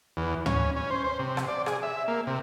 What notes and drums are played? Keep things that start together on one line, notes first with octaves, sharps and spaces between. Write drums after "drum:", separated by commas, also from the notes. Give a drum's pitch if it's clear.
E2
C#4, drum: tom
C#4
C5
C5
C3
drum: rim click
D5
G#4, drum: rim click
E5
A#3
C3